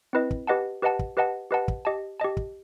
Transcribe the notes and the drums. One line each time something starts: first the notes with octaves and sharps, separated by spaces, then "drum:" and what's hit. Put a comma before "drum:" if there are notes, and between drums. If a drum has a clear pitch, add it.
C4 E4 B4 D#5
drum: kick
G4 B4 D#5 F#5 A5
G4 B4 D#5 F#5 A5
drum: kick
G4 B4 D#5 F#5 A5
G4 B4 D#5 F#5 A5
drum: kick
G4 D#5 A5
G4 D#5 A5
drum: kick